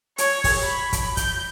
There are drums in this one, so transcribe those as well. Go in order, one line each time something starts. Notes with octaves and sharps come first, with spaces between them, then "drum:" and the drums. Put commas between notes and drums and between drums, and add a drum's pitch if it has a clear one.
C#5, drum: hi-hat
drum: kick, open hi-hat
B5
drum: kick, hi-hat
G6, drum: kick, hi-hat